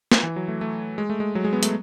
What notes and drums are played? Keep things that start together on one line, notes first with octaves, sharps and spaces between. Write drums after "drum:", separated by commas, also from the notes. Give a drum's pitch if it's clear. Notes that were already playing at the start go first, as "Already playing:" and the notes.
drum: snare
E3
F#3
A3
A3
G#3
A3
G#3
F#3
G#3
B3
A3, drum: hi-hat